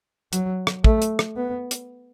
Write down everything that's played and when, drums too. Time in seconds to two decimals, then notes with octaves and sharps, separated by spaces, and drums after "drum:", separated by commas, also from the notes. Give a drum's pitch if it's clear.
0.33 F#3, drum: hi-hat
0.67 drum: rim click
0.84 A3, drum: kick
1.02 drum: hi-hat
1.19 drum: rim click
1.37 B3
1.71 drum: hi-hat